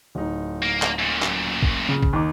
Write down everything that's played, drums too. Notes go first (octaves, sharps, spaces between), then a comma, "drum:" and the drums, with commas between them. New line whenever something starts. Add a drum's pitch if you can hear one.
D1 D#4
A#3
drum: clap
F#2 A#2
drum: clap
drum: kick
C#3
drum: kick
D#2 D#4 D6